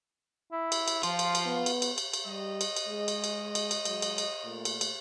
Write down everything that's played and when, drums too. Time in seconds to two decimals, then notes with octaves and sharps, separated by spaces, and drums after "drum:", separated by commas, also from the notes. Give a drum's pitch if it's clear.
0.52 E4
0.72 drum: cymbal
0.88 drum: cymbal
1.03 F3 F4, drum: cymbal
1.19 drum: cymbal
1.35 drum: cymbal
1.46 B3
1.66 drum: cymbal
1.82 drum: cymbal
1.98 drum: cymbal
2.13 drum: cymbal
2.26 G3 D#5
2.61 drum: cymbal
2.76 drum: cymbal
2.87 G#3
3.08 drum: cymbal
3.24 drum: cymbal
3.55 drum: cymbal
3.71 drum: cymbal
3.85 F#3 G#3, drum: cymbal
4.02 drum: cymbal
4.18 drum: cymbal
4.44 A#2 A3
4.65 drum: cymbal
4.81 drum: cymbal